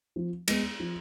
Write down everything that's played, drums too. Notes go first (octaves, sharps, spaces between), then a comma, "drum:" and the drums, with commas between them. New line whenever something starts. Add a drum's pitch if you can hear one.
F3
G#3 B3, drum: cymbal
F3